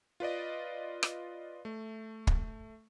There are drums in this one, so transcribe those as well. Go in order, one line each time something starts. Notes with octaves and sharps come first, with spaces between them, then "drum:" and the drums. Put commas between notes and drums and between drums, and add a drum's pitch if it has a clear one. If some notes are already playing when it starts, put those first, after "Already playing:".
F4 B4 D5 D#5
drum: rim click
A3
drum: kick